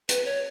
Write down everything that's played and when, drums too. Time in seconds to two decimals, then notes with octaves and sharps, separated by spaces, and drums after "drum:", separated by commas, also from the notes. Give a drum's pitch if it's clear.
0.09 B4, drum: hi-hat
0.25 C#5